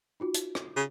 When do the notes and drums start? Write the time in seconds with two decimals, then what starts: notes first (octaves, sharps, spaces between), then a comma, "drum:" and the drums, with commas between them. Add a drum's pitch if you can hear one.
0.20 D#4 F4 F#4
0.34 drum: hi-hat
0.55 drum: rim click
0.76 C#3